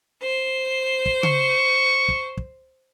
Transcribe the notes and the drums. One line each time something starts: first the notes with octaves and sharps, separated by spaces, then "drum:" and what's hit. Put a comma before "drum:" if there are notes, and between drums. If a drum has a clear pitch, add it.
C5
drum: kick
C#6, drum: tom C#3
drum: kick
drum: kick